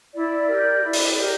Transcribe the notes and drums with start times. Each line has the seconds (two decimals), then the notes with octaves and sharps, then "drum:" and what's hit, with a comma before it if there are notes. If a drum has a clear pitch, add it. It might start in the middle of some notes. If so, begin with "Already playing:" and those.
0.13 E4 D5
0.47 G4 A#4
0.82 E4
0.93 drum: open hi-hat
1.16 G4 A#4